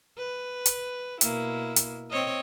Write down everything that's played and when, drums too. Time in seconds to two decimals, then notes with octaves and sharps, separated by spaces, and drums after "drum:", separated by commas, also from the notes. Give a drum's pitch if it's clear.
0.18 B4
0.66 drum: hi-hat
1.21 B2 A#3 E4, drum: hi-hat
1.76 drum: hi-hat
2.10 C4 C#5 D#5